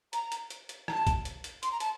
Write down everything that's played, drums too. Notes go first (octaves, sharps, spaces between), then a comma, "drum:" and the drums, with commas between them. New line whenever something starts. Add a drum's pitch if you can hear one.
A#5, drum: hi-hat
drum: hi-hat
drum: hi-hat
drum: hi-hat
A#5, drum: rim click
A5
drum: kick, hi-hat
drum: hi-hat
drum: hi-hat
C6, drum: hi-hat
A#5
A5, drum: hi-hat